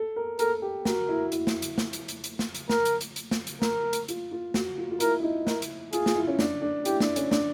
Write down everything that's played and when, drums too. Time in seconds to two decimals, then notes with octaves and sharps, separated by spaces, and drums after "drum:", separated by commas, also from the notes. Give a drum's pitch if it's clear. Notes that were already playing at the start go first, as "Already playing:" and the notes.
Already playing: A4
0.16 A#4
0.39 A4 A#4, drum: hi-hat
0.62 G4
0.85 F#4 A#4, drum: snare
1.09 E4
1.32 E4, drum: hi-hat
1.47 drum: snare
1.62 drum: hi-hat
1.78 drum: snare
1.93 drum: hi-hat
2.08 drum: hi-hat
2.24 drum: hi-hat
2.39 drum: snare
2.55 drum: hi-hat
2.69 A#4, drum: snare
2.85 drum: hi-hat
3.01 drum: hi-hat
3.16 drum: hi-hat
3.31 drum: snare
3.47 drum: hi-hat
3.62 A#4, drum: snare
3.93 drum: hi-hat
4.08 F4, drum: hi-hat
4.32 F4
4.54 F#4, drum: snare
4.78 F4
4.91 F4
5.00 E4 A#4, drum: hi-hat
5.20 E4
5.23 D#4
5.47 E4 A#4, drum: snare
5.62 drum: hi-hat
5.93 F4 G#4, drum: hi-hat
6.06 F4, drum: snare
6.16 E4
6.28 C#4
6.39 D4, drum: snare
6.62 D4
6.85 E4 G4, drum: hi-hat
7.00 D4, drum: snare
7.16 C#4, drum: hi-hat
7.31 D4, drum: snare